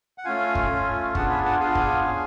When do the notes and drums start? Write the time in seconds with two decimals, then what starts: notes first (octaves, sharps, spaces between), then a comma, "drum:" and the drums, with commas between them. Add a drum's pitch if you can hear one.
0.18 F#5
0.25 A3 C#4 F4 F5 G#5
0.55 drum: kick
0.70 A3 C#4 F4
1.15 B3 D4 F4 G#4 F#5 A5, drum: kick
1.30 G#5 B5
1.45 F#5 A5
1.60 B3 D4 F4 G#4 F5 G#5
1.75 drum: kick
2.05 C#4 G#4